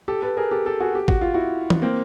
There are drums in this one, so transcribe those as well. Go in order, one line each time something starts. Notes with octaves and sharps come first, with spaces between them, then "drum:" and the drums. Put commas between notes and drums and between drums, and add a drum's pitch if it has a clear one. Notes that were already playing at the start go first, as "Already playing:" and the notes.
G4 A4
A4 B4
G#4 A#4
G4 A4
G4 A4
F#4 G#4
G4
F#4, drum: kick
F4
E4 F#4
drum: tom E3
A#3 C4